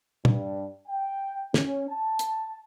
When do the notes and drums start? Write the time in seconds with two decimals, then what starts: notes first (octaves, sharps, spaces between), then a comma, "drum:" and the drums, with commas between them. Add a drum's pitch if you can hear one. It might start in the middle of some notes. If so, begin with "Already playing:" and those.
0.25 G2, drum: tom
0.88 G5
1.54 C#4, drum: snare
1.89 A5
2.19 drum: hi-hat